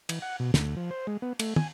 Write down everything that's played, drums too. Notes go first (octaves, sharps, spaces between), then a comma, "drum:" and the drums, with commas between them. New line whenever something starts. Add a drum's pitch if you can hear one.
E3, drum: cymbal
F#5
B2
D2, drum: snare
F3
C5
G#3
B3
A3, drum: cymbal
G#5, drum: tom